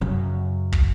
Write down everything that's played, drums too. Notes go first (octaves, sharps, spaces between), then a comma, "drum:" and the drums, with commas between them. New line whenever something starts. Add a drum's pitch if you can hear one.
F#2 C#3
drum: kick